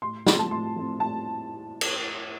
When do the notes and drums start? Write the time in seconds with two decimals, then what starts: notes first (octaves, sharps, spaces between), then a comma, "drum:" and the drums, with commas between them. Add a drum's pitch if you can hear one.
0.02 A2 C6
0.27 F3 A3 C4, drum: snare
0.39 A5
0.51 A2 C6
0.76 F3 A3 C4
1.00 A2 A5
1.81 drum: cymbal